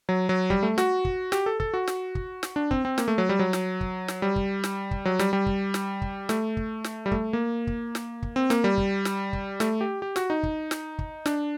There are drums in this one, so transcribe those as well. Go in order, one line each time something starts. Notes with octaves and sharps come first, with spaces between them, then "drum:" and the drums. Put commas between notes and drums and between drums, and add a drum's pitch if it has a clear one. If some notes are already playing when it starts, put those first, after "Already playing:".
F#3
F#3
G3, drum: kick
A3
F#4, drum: snare
drum: kick
G4, drum: snare
A4
A4, drum: kick
F#4
drum: snare
drum: kick
drum: snare
D4
C4, drum: kick
C4
A#3, drum: snare
A3
F#3
G3
F#3
drum: snare
drum: kick
drum: snare
G3
drum: kick
drum: snare
drum: kick
F#3
G3, drum: snare
G3
drum: kick
drum: snare
drum: kick
A3, drum: snare
drum: kick
drum: snare
G3
A3, drum: kick
A#3
drum: kick
drum: snare
drum: kick
C4
A#3, drum: snare
G3
drum: kick
drum: snare
drum: kick
A3, drum: snare
G4
G4
F#4, drum: snare
D#4
drum: kick
drum: snare
drum: kick
D4, drum: snare